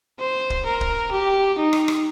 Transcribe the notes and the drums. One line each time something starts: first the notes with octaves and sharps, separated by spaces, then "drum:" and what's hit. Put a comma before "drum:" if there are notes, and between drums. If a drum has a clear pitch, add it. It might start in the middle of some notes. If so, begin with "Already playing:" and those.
C5
drum: kick
A#4
drum: kick
G4
D#4
drum: rim click
drum: rim click